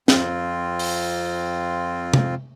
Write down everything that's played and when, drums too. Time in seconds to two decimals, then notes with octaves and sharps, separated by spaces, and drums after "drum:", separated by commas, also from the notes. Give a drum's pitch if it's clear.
0.08 F2 C4 F4, drum: snare
0.79 drum: open hi-hat
2.14 drum: tom C3